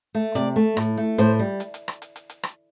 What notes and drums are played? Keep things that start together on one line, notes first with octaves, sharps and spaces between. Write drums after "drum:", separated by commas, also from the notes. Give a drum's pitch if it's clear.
A3
C3 D5, drum: hi-hat
A3
A2, drum: rim click
A3
A2 C5, drum: hi-hat
G3
drum: hi-hat
drum: hi-hat
drum: rim click
drum: hi-hat
drum: hi-hat
drum: hi-hat
drum: rim click